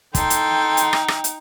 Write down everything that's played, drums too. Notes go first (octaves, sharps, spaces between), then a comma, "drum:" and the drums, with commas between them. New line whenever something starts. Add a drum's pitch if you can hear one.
D#4 A4 G5 C6, drum: kick, hi-hat
drum: hi-hat
drum: hi-hat
drum: rim click
drum: rim click
drum: hi-hat